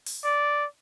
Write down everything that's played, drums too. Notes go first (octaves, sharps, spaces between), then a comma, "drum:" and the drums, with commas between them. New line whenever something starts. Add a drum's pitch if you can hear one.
drum: open hi-hat
D5